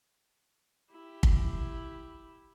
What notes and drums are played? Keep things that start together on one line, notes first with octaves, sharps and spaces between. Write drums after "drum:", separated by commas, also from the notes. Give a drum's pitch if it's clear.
E4 G4
drum: kick